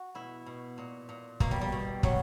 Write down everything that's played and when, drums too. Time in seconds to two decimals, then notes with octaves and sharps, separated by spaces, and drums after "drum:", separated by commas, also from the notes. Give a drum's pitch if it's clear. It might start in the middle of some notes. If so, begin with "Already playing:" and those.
Already playing: F#4
0.15 B2 E4
0.46 B2
0.78 A#2
1.09 A#2
1.40 B2 A#3, drum: kick
1.51 G3
1.61 G3
1.72 B2
2.03 B2 F#3, drum: kick